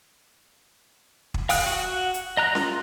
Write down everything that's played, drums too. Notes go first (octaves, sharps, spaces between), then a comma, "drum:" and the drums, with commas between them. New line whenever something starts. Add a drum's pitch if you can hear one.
drum: kick
F5 G5 D#6 F#6, drum: open hi-hat
F#4 F#5
drum: hi-hat
D#5 A#5 F#6
F4, drum: snare C#4